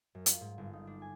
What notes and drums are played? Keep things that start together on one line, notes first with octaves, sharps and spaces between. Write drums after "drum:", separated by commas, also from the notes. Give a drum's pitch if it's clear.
F#2
F4, drum: hi-hat
G#2
G1
D#4
D4
G#5